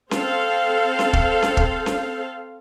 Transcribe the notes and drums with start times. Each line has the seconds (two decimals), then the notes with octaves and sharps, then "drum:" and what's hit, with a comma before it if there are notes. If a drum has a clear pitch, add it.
0.11 C4 A4 C5 F5, drum: snare C#4
0.99 drum: snare C#4
1.13 drum: kick
1.42 drum: snare C#4
1.57 drum: kick
1.86 drum: snare C#4